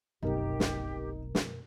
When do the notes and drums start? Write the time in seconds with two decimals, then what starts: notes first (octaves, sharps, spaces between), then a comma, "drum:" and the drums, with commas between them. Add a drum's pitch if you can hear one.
0.23 F1 B1 F#2 B2 D#4 G4 A#4
0.60 drum: snare
1.35 drum: snare